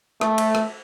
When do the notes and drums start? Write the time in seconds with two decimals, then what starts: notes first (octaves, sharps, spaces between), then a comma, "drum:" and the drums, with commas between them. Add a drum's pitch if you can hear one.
0.21 A3, drum: rim click
0.38 drum: cymbal
0.55 drum: rim click